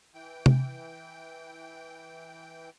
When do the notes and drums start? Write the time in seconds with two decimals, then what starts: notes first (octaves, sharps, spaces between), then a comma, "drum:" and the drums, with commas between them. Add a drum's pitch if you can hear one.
0.14 E3 G5
0.46 drum: tom C3